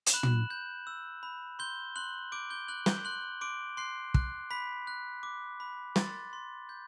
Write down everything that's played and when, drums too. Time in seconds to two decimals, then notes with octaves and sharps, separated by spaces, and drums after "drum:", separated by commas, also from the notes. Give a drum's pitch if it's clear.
0.06 E7, drum: hi-hat
0.13 B5 F#6 F#7
0.23 drum: tom
0.50 G6
0.87 E6
1.23 B5
1.59 C6 G6 G7
1.96 C6 F#6 F#7
2.32 D6 G6 D7
2.50 G6 G7
2.68 F#6 G6 F#7
2.86 G6 G7, drum: snare
3.05 C6 F#6 F#7
3.41 C6 D6 D7
3.77 C6 F#6 C7
4.14 F#6, drum: kick
4.51 B5 B6
4.87 F#6
5.23 D6
5.60 B5
5.96 C6 A6, drum: snare
6.33 C6
6.69 G6